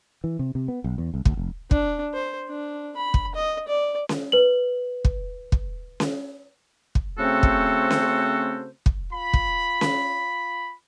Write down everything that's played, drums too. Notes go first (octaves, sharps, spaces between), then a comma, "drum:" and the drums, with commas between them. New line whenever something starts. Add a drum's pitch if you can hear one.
E3
C3
C3
B3
B1
E2
C2
D2, drum: kick
F1
D4, drum: kick
C5
D4
B5
drum: kick
D#5
D5
drum: snare C#4
B4 F#7
drum: kick
drum: kick
drum: snare C#4
drum: kick
C#3 A3 C4 F#4 A4 C5
drum: kick
drum: snare C#4
drum: kick
F4 B5
drum: kick
drum: snare C#4